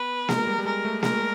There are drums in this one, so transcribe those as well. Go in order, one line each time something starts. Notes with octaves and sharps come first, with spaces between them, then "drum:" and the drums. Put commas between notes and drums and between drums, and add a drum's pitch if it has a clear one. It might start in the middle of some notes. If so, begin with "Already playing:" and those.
Already playing: B3 B4
G#3 A#4, drum: snare A#3
G3
G3
G#3 A#4
A3
G#3 A#4, drum: snare A#3